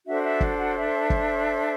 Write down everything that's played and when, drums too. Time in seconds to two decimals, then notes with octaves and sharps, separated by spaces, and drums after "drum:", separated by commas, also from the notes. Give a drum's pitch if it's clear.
0.06 D4 F#4 A4 C5 E5
0.23 E5
0.41 drum: kick F#1
0.58 F#4 F#5
0.75 E5
1.10 drum: kick F#1